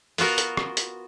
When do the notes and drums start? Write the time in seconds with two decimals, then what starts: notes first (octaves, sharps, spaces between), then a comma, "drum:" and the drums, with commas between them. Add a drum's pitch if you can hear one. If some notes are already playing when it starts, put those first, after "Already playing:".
0.18 B3 F4 F#4 A#4, drum: open hi-hat
0.38 drum: hi-hat
0.57 drum: rim click
0.77 drum: hi-hat